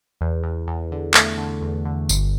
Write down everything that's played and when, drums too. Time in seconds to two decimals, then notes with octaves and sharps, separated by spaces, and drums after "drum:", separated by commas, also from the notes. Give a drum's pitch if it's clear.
0.21 E2
0.44 E2
0.67 E2
0.92 D3
1.14 A3, drum: clap
1.38 D3
1.62 E2
1.85 D3
2.09 G1, drum: tambourine